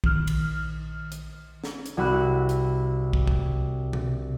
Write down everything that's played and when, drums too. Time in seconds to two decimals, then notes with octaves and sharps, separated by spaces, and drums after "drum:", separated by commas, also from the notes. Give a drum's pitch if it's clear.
0.04 A#1 D#3 F6, drum: kick
0.27 drum: cymbal
1.12 drum: hi-hat
1.64 drum: snare
1.86 drum: hi-hat
1.97 C2 F#4 B5 E6 F#6
2.49 drum: hi-hat
3.13 drum: kick
3.27 drum: kick
3.93 drum: tom B2